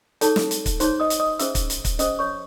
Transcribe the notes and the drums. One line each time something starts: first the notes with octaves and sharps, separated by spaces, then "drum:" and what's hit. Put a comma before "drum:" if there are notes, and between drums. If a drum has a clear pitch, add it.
D#4 G#4 A4 C#5 A5, drum: hi-hat
drum: snare
drum: hi-hat
drum: kick C#1, hi-hat
D#4 G#4 C5 C#5 C6, drum: hi-hat
D#5 D#6
drum: hi-hat
D#5 D#6
C#4 G#4 C5 E5 E6, drum: hi-hat
drum: kick C#1, hi-hat
drum: hi-hat
drum: kick C#1, hi-hat
C#4 G#4 C5 D#5 D#6, drum: hi-hat
C#5 C#6